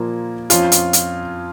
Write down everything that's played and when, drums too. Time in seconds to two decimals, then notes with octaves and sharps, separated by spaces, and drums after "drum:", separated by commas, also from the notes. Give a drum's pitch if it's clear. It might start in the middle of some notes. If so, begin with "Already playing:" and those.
Already playing: A#2 F3 A#3
0.50 F2 F3 C#4 F4, drum: hi-hat
0.72 drum: hi-hat
0.93 drum: hi-hat